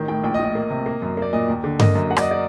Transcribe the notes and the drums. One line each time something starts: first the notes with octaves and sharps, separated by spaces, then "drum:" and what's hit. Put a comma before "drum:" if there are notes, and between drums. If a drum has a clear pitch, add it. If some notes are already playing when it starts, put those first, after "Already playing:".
Already playing: A1 D#3
A2 G5
A#1 G5
D#5
A2
D#5
A#3
C3
A#3
F#2
A#3 D5
A#2 D#5
D#2
D3
A#3 D#5, drum: tom G2
F#2
A#3 F#5
D5, drum: rim click
D#5
D5